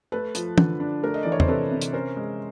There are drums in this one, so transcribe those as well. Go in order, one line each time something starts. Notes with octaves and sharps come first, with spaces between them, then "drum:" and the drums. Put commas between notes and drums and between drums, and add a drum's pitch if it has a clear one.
A3 A4 B4
F3, drum: hi-hat
D3, drum: tom
D4
A3 A#4
D#5
E3 D5
C#5
C5, drum: tom
C3 A4 B4
C3
drum: hi-hat
C#4 A#4 C5
G#3